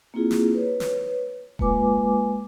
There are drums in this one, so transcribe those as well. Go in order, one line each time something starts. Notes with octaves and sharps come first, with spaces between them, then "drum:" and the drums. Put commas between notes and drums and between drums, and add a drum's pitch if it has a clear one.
A#3 C4 E4 F4 G#4
drum: snare
B4 C#5
drum: snare
G#3 A#3 F4 B4 G#5 D6, drum: kick D#1